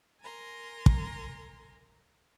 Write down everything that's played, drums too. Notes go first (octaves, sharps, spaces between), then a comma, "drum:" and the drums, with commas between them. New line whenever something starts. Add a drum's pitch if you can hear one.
A#4 G#5 A#5 C6
drum: kick